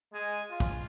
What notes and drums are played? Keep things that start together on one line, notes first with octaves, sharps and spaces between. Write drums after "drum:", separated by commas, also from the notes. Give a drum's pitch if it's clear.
G#3 G#5
F4
drum: kick